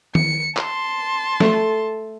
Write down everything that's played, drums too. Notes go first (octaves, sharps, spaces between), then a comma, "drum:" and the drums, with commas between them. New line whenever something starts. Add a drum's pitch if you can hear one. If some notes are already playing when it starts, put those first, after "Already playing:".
C#7, drum: tom D#3
A5 C6, drum: clap
A3, drum: snare